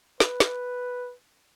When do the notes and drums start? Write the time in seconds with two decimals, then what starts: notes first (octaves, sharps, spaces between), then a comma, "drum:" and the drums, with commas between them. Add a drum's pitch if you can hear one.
0.20 B4, drum: snare
0.40 drum: snare